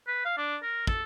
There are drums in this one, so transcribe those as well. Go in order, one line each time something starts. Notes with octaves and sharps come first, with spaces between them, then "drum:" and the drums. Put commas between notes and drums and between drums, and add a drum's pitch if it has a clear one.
B4
F5
D4
A#4
A4, drum: kick